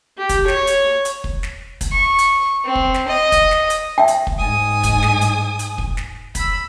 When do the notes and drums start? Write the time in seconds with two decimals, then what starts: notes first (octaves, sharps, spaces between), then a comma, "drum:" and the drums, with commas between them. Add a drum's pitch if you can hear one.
0.18 G4
0.29 drum: kick, hi-hat
0.48 C#5, drum: snare
0.67 drum: hi-hat
1.05 drum: hi-hat
1.24 drum: kick
1.43 drum: snare
1.81 drum: kick, hi-hat
1.92 C#6
2.19 drum: hi-hat
2.65 C4
2.75 drum: kick
2.94 drum: snare
3.08 D#5
3.32 drum: kick, hi-hat
3.51 drum: snare
3.70 drum: hi-hat
3.98 E5 G5
4.08 drum: hi-hat
4.27 drum: kick
4.38 G#2 G#5 D#6
4.84 drum: kick, hi-hat
5.02 drum: snare
5.21 drum: hi-hat
5.59 drum: hi-hat
5.78 drum: kick
5.97 drum: snare
6.35 B5 E6, drum: kick, hi-hat